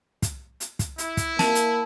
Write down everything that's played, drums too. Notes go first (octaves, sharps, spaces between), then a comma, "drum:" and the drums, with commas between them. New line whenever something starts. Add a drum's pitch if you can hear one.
drum: kick, hi-hat
drum: hi-hat
drum: kick, hi-hat
E4, drum: hi-hat
drum: kick, hi-hat
A#3 A5, drum: snare
drum: hi-hat